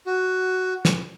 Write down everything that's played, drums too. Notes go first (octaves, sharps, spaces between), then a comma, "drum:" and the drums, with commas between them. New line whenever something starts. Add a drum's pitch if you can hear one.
F#4
drum: snare